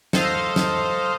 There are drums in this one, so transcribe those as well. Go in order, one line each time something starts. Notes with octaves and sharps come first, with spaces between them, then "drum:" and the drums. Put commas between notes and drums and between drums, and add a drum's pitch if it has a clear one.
A4 C5 D#5 F5, drum: snare
drum: snare